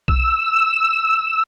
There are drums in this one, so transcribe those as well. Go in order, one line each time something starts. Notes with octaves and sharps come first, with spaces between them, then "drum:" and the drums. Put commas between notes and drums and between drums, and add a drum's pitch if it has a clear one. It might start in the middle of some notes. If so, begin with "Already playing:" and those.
E6, drum: kick